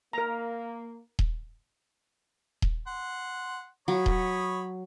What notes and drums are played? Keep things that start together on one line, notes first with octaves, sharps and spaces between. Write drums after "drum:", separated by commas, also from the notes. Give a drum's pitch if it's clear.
A#3 A#4 A#5
drum: kick D#1
drum: kick D#1
F#5 C6
F#3 C#5 B5 D#6
drum: kick D#1